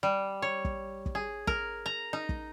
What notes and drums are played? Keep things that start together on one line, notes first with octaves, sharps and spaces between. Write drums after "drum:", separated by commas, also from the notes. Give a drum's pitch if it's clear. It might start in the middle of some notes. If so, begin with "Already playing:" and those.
G3
C#5
drum: kick
drum: kick
G#4
A#4, drum: kick
A#5
D#4
drum: kick